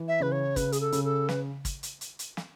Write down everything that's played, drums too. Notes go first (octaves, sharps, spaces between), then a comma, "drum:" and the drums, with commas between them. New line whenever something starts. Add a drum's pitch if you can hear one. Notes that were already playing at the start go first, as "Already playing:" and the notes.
Already playing: E3
E5
C#3 B4
C#5
C#3 B4, drum: kick, hi-hat
G#4, drum: hi-hat
A4
C#3, drum: hi-hat
A4
B4, drum: snare
drum: kick, hi-hat
drum: hi-hat
drum: hi-hat
drum: hi-hat
drum: snare